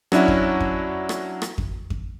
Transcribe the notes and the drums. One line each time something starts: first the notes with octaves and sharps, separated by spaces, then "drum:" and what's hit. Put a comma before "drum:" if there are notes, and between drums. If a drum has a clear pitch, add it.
F#3 C#4 D4 E4 F#4, drum: rim click
drum: kick F2
drum: kick F2
drum: rim click
drum: rim click
drum: kick F2
drum: kick F2